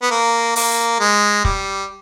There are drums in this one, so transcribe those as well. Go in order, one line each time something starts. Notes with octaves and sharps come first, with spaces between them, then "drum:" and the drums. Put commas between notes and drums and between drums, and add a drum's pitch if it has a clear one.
B3
A#3
A#3, drum: open hi-hat
G#3
G3, drum: kick